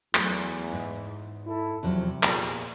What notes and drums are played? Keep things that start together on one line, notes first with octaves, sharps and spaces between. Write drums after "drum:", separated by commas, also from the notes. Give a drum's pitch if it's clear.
E2 F#3 A3, drum: clap
G#2
E4 A4
E2 C3 F3 F#3
A#2 B3 G4 G#4, drum: clap